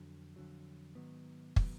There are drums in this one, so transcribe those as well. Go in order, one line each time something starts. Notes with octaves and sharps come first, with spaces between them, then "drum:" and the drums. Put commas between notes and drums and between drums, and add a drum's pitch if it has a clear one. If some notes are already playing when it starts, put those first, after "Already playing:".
Already playing: F2 D3 F#3
F2 D3 F#3
G#2 D#3 F#3 B3
D#3 F#3 B3, drum: kick